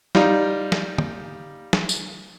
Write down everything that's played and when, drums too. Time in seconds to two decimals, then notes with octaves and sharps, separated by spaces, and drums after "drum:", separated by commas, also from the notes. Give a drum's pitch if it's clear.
0.15 G3 D#4 F4, drum: snare
0.72 drum: snare
0.98 drum: tom
1.73 drum: snare
1.89 drum: tambourine